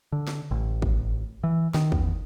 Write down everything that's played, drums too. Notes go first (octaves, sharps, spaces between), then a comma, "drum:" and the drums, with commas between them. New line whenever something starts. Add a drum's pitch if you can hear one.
D3
drum: snare
A1
drum: kick
E3
D#3, drum: snare
E2, drum: kick